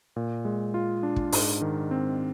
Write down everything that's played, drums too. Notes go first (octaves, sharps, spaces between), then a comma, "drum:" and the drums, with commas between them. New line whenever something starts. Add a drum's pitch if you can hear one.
A#2
G#3
F4
D4
drum: kick
G#2, drum: open hi-hat
D#3
C4